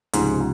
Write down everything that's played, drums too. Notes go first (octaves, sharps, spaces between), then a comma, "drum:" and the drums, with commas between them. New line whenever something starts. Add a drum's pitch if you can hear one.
C#2 G#2 C3 F3, drum: hi-hat